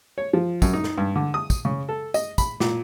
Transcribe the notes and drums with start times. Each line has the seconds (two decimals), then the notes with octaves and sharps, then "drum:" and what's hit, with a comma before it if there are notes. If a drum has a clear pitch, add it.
0.18 C#5
0.33 F3
0.62 F#2, drum: kick, tambourine
0.73 D#4
0.84 drum: snare
0.98 G2
1.16 D3
1.34 D#6
1.50 drum: kick, tambourine
1.65 C#3
1.89 A4
2.14 D#5, drum: tambourine
2.38 B5, drum: kick, tambourine
2.60 A#2, drum: snare